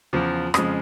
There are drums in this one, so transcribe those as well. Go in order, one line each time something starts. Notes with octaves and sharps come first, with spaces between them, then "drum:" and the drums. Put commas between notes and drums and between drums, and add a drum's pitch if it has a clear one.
E2 C#3 F3
F2 C#3 F3 G#3 D#6, drum: rim click